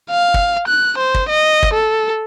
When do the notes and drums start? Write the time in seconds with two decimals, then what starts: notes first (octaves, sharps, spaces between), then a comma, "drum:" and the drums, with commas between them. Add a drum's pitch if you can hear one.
0.11 F5
0.34 drum: kick
0.68 F#6
0.98 C5
1.14 drum: kick
1.29 D#5
1.63 drum: kick
1.74 A4